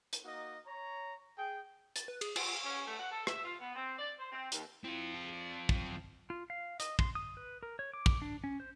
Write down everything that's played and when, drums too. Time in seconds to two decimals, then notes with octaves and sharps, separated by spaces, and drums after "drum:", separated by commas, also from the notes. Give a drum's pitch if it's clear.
0.13 drum: hi-hat
0.24 A#3 D#4 F#4 D#5
0.66 C#5 A#5
1.37 G#4 G5
1.96 A6, drum: hi-hat
2.08 B4
2.21 G#4, drum: cymbal
2.36 F4, drum: cymbal
2.64 C#4
2.87 A3
2.99 F#5
3.11 A4
3.27 E5, drum: rim click
3.45 F4
3.61 B3
3.75 C4
3.98 D5
4.19 C5
4.32 C4
4.52 D#2, drum: hi-hat
4.84 C4 E4 F4
5.14 G#4 A5
5.33 D5
5.69 E2 F#3, drum: kick
6.30 F4
6.50 F5
6.80 D#5, drum: hi-hat
6.99 C6, drum: kick
7.15 D#6
7.37 B4
7.63 A#4
7.79 C#5
7.94 D6
8.06 drum: kick
8.22 D4
8.44 C#4
8.60 C5